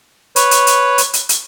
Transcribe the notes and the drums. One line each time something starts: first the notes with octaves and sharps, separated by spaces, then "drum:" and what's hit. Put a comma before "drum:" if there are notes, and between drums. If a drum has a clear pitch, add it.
B4 C#5, drum: hi-hat
drum: hi-hat
drum: hi-hat
drum: hi-hat
drum: hi-hat
drum: hi-hat